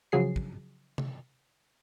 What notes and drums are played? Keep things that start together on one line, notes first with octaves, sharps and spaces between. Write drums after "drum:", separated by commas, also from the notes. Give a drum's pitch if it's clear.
C#3 F3 F#3 G#4 C7
drum: kick
drum: tom C3